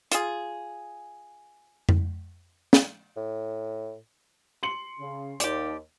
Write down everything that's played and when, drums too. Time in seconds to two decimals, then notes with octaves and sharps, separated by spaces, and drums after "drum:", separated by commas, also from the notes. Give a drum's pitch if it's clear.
0.12 F4 G#4, drum: hi-hat
1.89 drum: tom F2
2.73 drum: snare
3.17 A2
4.63 C6 C#7 F#7
4.99 C#3
5.40 D#2 G4 D5, drum: hi-hat